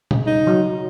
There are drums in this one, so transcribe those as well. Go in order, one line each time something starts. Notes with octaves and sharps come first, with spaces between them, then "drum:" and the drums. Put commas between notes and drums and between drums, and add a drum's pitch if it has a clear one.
C#3, drum: tom B2
D#4
F#3